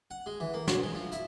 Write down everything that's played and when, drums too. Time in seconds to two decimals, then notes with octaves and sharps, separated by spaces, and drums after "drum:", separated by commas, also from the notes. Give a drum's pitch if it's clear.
0.11 F#5
0.26 G#3
0.40 E3
0.54 A#3
0.67 B2, drum: snare
0.83 G#3
0.95 F3
1.12 E4, drum: hi-hat